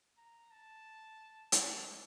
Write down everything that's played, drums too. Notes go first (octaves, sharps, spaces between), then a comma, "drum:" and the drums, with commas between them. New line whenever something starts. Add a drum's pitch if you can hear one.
A#5
A5
A5, drum: hi-hat